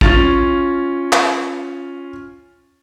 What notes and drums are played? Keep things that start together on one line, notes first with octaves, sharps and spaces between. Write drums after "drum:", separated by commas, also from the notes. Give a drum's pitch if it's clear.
C#4 F4 A6 F7, drum: kick
drum: clap